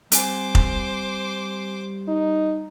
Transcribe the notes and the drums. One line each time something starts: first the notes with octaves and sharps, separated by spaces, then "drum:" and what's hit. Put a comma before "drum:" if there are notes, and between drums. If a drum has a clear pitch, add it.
G3 C4 C5 G#5 D6, drum: hi-hat
drum: kick F1
D#4